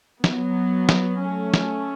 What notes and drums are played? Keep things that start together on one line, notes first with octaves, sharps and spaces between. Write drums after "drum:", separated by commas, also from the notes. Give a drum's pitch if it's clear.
F#3 B3, drum: snare
drum: snare
A3 C#4
drum: snare